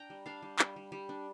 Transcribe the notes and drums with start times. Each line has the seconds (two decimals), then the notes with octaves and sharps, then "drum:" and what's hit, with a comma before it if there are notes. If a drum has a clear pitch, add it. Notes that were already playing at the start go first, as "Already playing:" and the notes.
Already playing: D4 G5 A#5
0.10 G3
0.26 D4 F5 A5
0.42 G3
0.59 G3, drum: clap
0.76 G3
0.92 G3
1.09 D4